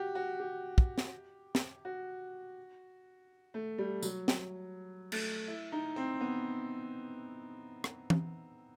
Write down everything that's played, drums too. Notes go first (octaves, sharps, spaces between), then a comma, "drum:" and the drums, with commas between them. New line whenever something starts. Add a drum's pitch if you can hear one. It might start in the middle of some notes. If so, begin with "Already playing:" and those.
Already playing: F#4 G4
F#4
G4
drum: kick
drum: snare
drum: snare
F#4
A3
G3
F#3, drum: tambourine
drum: snare
A3, drum: cymbal
E4
D#4
C4
B3
drum: rim click
drum: tom E3